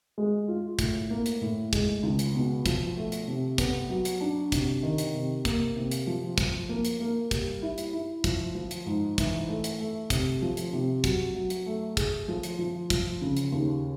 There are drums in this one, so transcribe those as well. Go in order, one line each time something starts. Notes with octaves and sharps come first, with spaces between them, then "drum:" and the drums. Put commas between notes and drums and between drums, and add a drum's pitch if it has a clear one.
G#3
F4
A2, drum: kick, hi-hat
A#3
drum: hi-hat
A2
G#3, drum: kick, hi-hat
C#2
drum: hi-hat
B2
F3, drum: kick, hi-hat
A3
drum: hi-hat
C3
B3, drum: kick, hi-hat
F#3
drum: hi-hat
D4
C3, drum: kick, hi-hat
D#3
drum: hi-hat
C3
A#3, drum: kick, hi-hat
C3
drum: hi-hat
F3
F3, drum: kick, hi-hat
A#3
drum: hi-hat
A#3
G3, drum: kick, hi-hat
E4
drum: hi-hat
E4
F3, drum: kick, hi-hat
F3
drum: hi-hat
G#2
E3, drum: kick, hi-hat
A3
drum: hi-hat
A3
C3, drum: kick, hi-hat
F3
drum: hi-hat
C3
F#3, drum: kick, hi-hat
F#3
drum: hi-hat
A3
G#4, drum: kick, hi-hat
F3
drum: hi-hat
F3
F3, drum: kick, hi-hat
C#3
drum: hi-hat
D#2